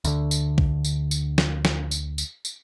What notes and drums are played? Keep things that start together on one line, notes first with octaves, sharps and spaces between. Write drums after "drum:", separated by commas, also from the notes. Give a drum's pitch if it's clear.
D2 D3, drum: tambourine
drum: tambourine
drum: kick B1
drum: tambourine
drum: tambourine
drum: snare
drum: snare
drum: tambourine
drum: tambourine
drum: tambourine